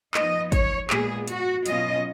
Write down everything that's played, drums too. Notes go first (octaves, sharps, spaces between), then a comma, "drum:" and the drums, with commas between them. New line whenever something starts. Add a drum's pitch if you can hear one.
F3 B3 D#4 D#5, drum: clap
C#5, drum: kick, hi-hat
A#2 G#3 B3 G#4, drum: clap
F#4, drum: hi-hat
B2 F#3 C#4 F4 D#5, drum: hi-hat